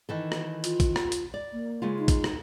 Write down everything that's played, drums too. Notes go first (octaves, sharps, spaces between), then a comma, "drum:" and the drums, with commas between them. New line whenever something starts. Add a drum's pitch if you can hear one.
D#3 E3 A4
drum: rim click
F4, drum: hi-hat
drum: kick A1, hi-hat
drum: rim click
drum: hi-hat
D5
A#3
C#3 G#3 F4
D#4
drum: kick A1, hi-hat
drum: rim click